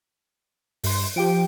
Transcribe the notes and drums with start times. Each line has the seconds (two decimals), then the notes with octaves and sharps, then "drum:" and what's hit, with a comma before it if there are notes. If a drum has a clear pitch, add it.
0.84 G2 C6, drum: open hi-hat
1.16 F3 G4 G5 D7